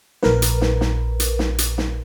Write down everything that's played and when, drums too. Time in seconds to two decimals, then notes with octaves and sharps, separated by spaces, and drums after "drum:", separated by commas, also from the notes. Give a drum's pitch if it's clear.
0.23 A#1 A#4 B4, drum: snare
0.42 drum: hi-hat
0.61 drum: snare
0.81 drum: snare
1.20 drum: hi-hat
1.39 drum: snare
1.58 drum: hi-hat
1.78 drum: snare